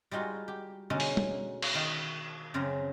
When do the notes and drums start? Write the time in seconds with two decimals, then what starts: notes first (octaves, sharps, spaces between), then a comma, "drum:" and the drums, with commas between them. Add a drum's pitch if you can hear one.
0.11 G3 G#3 D#4 F4 F#4
0.48 G4
0.90 B2 D3 G#3 C#4 D#4
1.00 drum: open hi-hat
1.17 drum: tom
1.62 drum: cymbal
1.75 D#3 D5
2.54 F#2 C#3 F3 C4 A#5